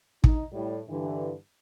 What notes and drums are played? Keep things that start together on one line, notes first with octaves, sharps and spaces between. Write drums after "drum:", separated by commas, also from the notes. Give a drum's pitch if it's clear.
D#4, drum: kick
A2 G3
G2 D3 E3